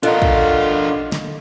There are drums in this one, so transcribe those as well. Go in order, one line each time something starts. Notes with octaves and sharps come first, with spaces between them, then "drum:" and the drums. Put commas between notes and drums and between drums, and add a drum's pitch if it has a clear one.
D4 F4 A4 A#4 D#5 F#5, drum: hi-hat
drum: kick
drum: snare